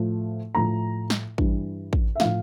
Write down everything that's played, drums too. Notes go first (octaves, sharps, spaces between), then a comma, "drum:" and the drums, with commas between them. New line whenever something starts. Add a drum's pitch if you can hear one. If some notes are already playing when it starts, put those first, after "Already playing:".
Already playing: A2 F3 A3
A2 F3 A3 A#5
drum: snare
G2 E3 G3, drum: kick A1
drum: kick A1
E5
A2 F3 A3 F5, drum: snare